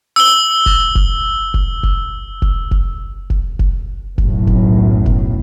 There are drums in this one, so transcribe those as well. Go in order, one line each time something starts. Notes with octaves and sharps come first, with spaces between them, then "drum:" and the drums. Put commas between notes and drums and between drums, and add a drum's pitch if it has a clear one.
E6 G7
drum: kick F1
drum: kick F1
drum: kick F1
drum: kick F1
drum: kick F1
drum: kick F1
drum: kick F1
drum: kick F1
B1 F#2 A2, drum: kick F1
drum: kick F1
drum: kick F1